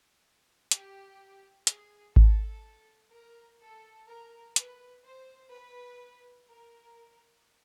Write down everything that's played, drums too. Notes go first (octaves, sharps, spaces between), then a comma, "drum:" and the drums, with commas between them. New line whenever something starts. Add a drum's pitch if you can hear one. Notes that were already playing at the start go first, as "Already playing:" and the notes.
G4, drum: hi-hat
G#4, drum: hi-hat
A4, drum: kick G#1
A#4
A4
A#4
B4, drum: hi-hat
C5
B4
A#4